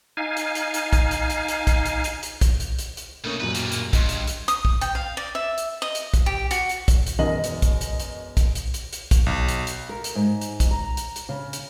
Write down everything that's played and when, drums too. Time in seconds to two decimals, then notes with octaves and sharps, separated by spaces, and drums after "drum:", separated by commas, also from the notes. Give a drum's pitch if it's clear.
0.17 D#4 F5 G#5
0.37 drum: hi-hat
0.55 drum: hi-hat
0.74 drum: hi-hat
0.93 drum: kick, hi-hat
1.11 drum: hi-hat
1.30 drum: hi-hat
1.48 drum: hi-hat
1.67 drum: kick, hi-hat
1.86 drum: hi-hat
2.04 drum: hi-hat
2.23 drum: hi-hat
2.41 drum: kick, hi-hat
2.60 drum: hi-hat
2.79 drum: hi-hat
2.97 drum: hi-hat
3.24 B2 A3 A#3 C#4 D#4
3.40 D1 F#2 A#2 B4
3.55 G3 A#3, drum: hi-hat
3.72 drum: hi-hat
3.93 G2 D#5 C6, drum: kick, hi-hat
4.09 drum: hi-hat
4.27 drum: hi-hat
4.48 D#6, drum: hi-hat
4.65 drum: kick
4.81 G5, drum: hi-hat
4.95 F5
5.17 D5
5.35 E5
5.58 drum: hi-hat
5.82 D#5
5.95 drum: hi-hat
6.14 drum: kick, hi-hat
6.26 G4
6.51 F#4, drum: hi-hat
6.69 drum: hi-hat
6.88 drum: kick, hi-hat
7.07 drum: hi-hat
7.19 E1 F#2 B2 A#4 D#5 F#7
7.44 drum: hi-hat
7.62 drum: kick, hi-hat
7.81 drum: hi-hat
8.00 drum: hi-hat
8.37 drum: kick, hi-hat
8.55 drum: hi-hat
8.74 drum: hi-hat
8.93 drum: hi-hat
9.11 drum: kick, hi-hat
9.26 B1
9.48 drum: hi-hat
9.67 drum: hi-hat
9.89 A#4
10.04 drum: hi-hat
10.15 G#2
10.41 drum: hi-hat
10.60 drum: kick, hi-hat
10.71 A#5
10.97 drum: hi-hat
11.16 drum: hi-hat
11.29 C#3
11.53 drum: hi-hat